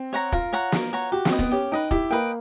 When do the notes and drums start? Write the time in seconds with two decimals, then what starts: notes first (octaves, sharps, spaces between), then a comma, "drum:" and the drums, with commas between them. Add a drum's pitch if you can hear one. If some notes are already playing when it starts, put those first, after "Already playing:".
Already playing: C4
0.13 C#5 F#5 A#5
0.32 F4 A#4, drum: kick
0.53 C#5 F#5 A#5
0.72 A#4, drum: snare
0.93 C#5 F#5 A#5
1.12 F#4 G4
1.25 C4, drum: snare
1.32 B4 D#5 G5
1.39 B3, drum: kick
1.51 C#4 G4
1.72 D#4 B4 D#5 G5
1.91 E4 G4, drum: kick
2.11 A#3 B4 D#5 G5